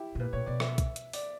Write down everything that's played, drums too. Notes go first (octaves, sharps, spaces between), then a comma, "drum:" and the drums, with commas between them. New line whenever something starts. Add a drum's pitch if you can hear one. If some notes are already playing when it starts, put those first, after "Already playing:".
Already playing: E4 G4
B2
A#2 B4
A#2 C#5
B2 D5
E5, drum: rim click
drum: kick B1, hi-hat
drum: hi-hat
D5, drum: open hi-hat